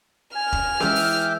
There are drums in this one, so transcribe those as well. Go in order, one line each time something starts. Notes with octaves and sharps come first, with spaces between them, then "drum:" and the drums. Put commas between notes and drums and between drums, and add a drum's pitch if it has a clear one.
G#5 F6
drum: kick E1
E3 G#3 G#4 E5 G5 D6, drum: snare C#4
drum: open hi-hat